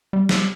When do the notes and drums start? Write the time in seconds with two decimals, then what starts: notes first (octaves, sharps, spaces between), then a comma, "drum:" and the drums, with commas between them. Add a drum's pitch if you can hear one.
0.13 G3
0.29 drum: snare